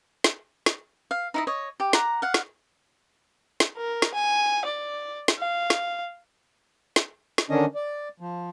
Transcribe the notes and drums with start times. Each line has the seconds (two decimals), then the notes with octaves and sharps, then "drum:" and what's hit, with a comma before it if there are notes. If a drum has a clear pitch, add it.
0.24 drum: snare
0.66 drum: snare
1.11 F5
1.34 D#4 E4 D#5
1.47 C#5 D#5
1.80 G4
1.93 F#5 A#5, drum: snare
2.22 F5 F#5
2.34 drum: snare
3.60 drum: snare
3.77 A#4
4.02 drum: snare
4.14 G#5
4.65 D5
5.28 drum: snare
5.38 F5
5.70 drum: snare
6.96 drum: snare
7.38 drum: snare
7.50 D3 D#3 C#4 D4 D#5
7.75 D5
8.20 F3